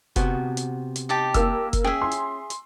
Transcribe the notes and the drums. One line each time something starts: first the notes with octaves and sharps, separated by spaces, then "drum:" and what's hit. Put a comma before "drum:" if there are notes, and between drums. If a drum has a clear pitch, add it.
C3 B3 F#4, drum: kick F1, hi-hat
drum: hi-hat
drum: hi-hat
D#4 G4 A5
A#3 E6, drum: kick F1, hi-hat
drum: kick F1, hi-hat
C#4 G#4 E5 G5
C6
drum: hi-hat
drum: hi-hat